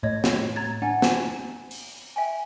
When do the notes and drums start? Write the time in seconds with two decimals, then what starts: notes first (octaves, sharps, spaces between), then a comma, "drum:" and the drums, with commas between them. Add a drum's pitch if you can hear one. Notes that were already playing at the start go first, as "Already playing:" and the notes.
0.03 A2 C#5 D#5 G#6
0.24 drum: snare
0.56 A#5 G#6 A6
0.82 D4 F#5 G#5 A6
1.02 drum: snare
1.71 drum: open hi-hat
2.16 E5 G5 G#5